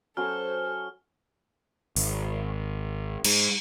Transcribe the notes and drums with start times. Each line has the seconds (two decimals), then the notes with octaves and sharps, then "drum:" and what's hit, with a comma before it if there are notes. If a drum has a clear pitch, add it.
0.17 F#3 C#4 A4 C5 C#5 F6
1.96 G#1, drum: open hi-hat
3.25 G#2, drum: cymbal